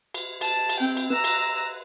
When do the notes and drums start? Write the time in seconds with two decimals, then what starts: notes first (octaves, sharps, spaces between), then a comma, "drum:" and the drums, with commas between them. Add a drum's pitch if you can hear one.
0.14 drum: cymbal
0.41 A5, drum: cymbal
0.69 drum: cymbal
0.80 C4 G5
0.97 drum: cymbal
1.10 B4 A#5 E6
1.24 drum: cymbal